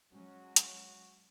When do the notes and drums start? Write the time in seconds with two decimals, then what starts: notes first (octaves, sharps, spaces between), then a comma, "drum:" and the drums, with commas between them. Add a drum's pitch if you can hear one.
0.12 F#3 G#3 C#4 F#4
0.56 drum: hi-hat